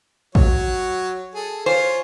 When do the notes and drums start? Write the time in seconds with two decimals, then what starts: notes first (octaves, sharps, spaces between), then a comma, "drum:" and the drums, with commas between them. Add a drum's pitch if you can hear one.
0.35 F#3 F#4 C#5, drum: kick
1.34 G#4 A4
1.66 F4 C5 C#5 G#5